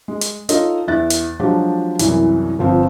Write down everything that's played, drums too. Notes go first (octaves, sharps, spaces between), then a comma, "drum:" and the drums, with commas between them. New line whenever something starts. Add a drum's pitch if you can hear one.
G#3
drum: hi-hat
D#4 F4 A4 C#5 D#5, drum: hi-hat
E2 E5 F#6 A6
drum: hi-hat
F3 F#3 G#3 D4 G4
C2 F#2 E3, drum: hi-hat
G1 F3 C4